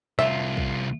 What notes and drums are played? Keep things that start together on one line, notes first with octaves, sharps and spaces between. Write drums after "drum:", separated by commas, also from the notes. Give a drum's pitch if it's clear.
C2 F4 E5
drum: kick